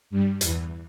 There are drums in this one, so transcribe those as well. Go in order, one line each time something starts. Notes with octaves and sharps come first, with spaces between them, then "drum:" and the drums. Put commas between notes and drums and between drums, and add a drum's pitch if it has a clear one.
G2 G3
E2 E3, drum: hi-hat